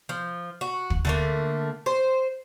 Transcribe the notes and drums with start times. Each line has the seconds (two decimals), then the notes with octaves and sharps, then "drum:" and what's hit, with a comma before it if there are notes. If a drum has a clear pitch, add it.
0.09 F3
0.61 F#4
0.90 drum: kick
1.05 D3 A3 A#3
1.86 C5